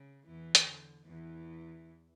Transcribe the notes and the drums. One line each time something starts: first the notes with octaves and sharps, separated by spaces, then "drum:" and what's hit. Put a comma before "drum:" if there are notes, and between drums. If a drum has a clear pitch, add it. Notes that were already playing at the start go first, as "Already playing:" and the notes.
Already playing: C#3
E2 E3
drum: hi-hat
D3
E2 E3